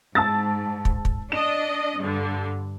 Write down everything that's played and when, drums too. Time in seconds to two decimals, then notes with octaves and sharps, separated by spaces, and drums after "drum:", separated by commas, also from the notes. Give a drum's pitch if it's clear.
0.15 G#2 A5 E6 A6
0.85 drum: kick
1.05 drum: kick
1.32 D4 D#5 E7
2.00 G2 D3